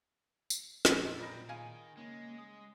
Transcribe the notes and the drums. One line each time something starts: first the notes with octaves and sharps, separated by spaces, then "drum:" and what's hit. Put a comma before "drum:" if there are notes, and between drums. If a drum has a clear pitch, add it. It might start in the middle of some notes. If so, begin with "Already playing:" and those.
drum: tambourine
F2 A#2 C#3, drum: snare
B1 C4 A#4 D5 D#5 A#5 B5
D#3 G#4 F5 G#5
C#3 G#3 A#3
D#6